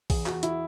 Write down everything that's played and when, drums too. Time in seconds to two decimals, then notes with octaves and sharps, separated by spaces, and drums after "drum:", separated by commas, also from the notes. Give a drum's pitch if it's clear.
0.10 E2 G#4, drum: kick A#1, open hi-hat
0.26 E2 F#4, drum: clap
0.43 E4, drum: hi-hat